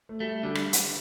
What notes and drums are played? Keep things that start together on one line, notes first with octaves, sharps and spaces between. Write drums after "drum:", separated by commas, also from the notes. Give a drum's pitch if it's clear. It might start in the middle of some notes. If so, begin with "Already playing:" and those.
A3
G3 A3
D3 G3
drum: rim click
drum: hi-hat